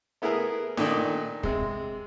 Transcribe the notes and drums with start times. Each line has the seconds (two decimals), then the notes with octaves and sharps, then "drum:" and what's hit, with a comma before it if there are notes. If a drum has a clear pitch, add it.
0.22 A3 B3 E4 G#4 A#4
0.77 A#2 D#3 A3 D4 D#4, drum: snare D#4
1.43 C3 G#3, drum: kick